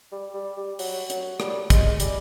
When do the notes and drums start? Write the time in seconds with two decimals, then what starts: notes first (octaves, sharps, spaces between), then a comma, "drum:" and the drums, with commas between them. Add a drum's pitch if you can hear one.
0.12 G3
0.34 G3
0.57 G3
0.79 F#3, drum: open hi-hat
1.10 F#3, drum: hi-hat
1.40 G3, drum: rim click
1.70 G#3, drum: kick, hi-hat
2.00 G3, drum: hi-hat